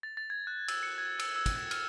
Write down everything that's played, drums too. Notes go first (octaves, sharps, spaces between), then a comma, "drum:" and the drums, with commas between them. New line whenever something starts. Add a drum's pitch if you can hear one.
A6
A6
G#6
F#6
E6, drum: cymbal
C#7
G#6
E6, drum: cymbal
E6
drum: kick, cymbal
G#6
F6, drum: cymbal